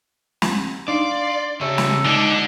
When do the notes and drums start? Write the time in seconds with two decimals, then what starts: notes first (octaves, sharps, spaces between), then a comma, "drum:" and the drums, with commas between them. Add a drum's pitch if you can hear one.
0.42 drum: snare
0.88 D4 D#4 D5 F5 C6
1.61 C#3 A4 C#5 E5 C#6
1.78 drum: snare
2.05 D3 G#3 D#4 D5